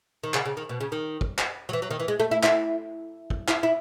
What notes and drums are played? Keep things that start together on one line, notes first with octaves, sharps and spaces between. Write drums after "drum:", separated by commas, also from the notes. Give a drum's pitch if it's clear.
D#3
C#3, drum: clap
C#3
D#3
B2
C#3
D#3
drum: kick
drum: clap
F#3
E3
F#3
D#3
E3
G#3
A3
E4
E4, drum: clap
drum: kick
E4, drum: clap
E4